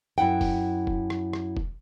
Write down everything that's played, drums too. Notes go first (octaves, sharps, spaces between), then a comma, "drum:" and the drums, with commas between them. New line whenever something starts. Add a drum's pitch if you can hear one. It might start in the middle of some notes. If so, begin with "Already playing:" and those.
F#2 E4 F#5 G5
drum: kick, open hi-hat
drum: kick
drum: rim click
drum: rim click
drum: kick